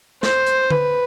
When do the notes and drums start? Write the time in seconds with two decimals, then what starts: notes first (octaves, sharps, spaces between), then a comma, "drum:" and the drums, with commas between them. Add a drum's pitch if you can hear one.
0.23 C5, drum: snare
0.46 drum: hi-hat
0.70 B4, drum: tom D3